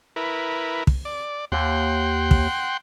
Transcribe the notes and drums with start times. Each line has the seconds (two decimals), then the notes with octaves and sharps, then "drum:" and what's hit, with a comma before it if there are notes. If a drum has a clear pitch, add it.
0.16 E4 A#4 B4
0.87 drum: kick
1.05 D5
1.52 D#2 F#5 G5 C6
2.31 drum: kick